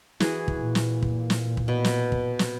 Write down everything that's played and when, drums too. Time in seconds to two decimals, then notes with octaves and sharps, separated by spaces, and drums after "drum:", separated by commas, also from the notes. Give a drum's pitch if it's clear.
0.20 E3 F#4 G#4, drum: snare
0.48 drum: kick
0.57 A#2
0.75 drum: snare
1.02 drum: kick
1.30 drum: snare
1.57 drum: kick
1.68 B2
1.85 drum: snare
2.12 drum: kick
2.39 drum: snare